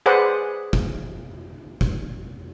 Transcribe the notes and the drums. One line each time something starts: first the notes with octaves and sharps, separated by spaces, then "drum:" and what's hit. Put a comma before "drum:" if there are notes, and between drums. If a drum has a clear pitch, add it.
G#4 B4 C5 D5 F#5
drum: kick
drum: kick